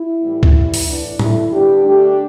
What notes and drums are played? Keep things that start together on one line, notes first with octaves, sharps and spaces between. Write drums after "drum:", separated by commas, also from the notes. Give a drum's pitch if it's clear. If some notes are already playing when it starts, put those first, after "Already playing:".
Already playing: E4
A2 E3 G3 B3
drum: kick C#2
A2 E3 G3 B3
drum: open hi-hat
A2 E3 B3 D4
D3 A3 E4, drum: tom A2
D3 G3 B3 D4 G4
D3 A3 D4 G4